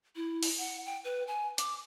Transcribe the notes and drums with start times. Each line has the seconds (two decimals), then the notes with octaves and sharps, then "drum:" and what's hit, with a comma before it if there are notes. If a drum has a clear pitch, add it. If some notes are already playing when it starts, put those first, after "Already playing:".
0.16 E4
0.43 drum: open hi-hat
0.58 F#5
0.86 G5
1.05 B4
1.27 G#5
1.58 D6, drum: hi-hat